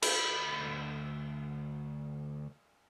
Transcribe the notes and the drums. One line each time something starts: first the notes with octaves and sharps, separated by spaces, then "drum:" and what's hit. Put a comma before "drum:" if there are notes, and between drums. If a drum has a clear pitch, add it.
D2 B5, drum: cymbal